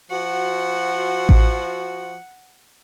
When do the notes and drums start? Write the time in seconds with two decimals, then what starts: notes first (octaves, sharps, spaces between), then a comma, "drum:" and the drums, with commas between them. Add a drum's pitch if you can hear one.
0.11 F3 F#4 F#5
1.29 drum: kick A1